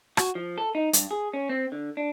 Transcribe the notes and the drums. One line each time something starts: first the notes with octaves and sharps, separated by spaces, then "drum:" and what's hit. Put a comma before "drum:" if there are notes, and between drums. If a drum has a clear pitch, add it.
F#4, drum: rim click
F3
A4
D#4
G2, drum: hi-hat
G#4
C#4
C4
D3
D4